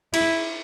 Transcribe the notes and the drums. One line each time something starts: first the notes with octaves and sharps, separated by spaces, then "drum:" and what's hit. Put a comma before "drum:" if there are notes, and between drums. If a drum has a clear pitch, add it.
E4, drum: cymbal